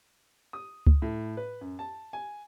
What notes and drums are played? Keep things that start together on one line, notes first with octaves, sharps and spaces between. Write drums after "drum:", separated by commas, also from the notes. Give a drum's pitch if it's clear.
D#6
drum: kick C#2
A2
B4
F#2
A5
G#5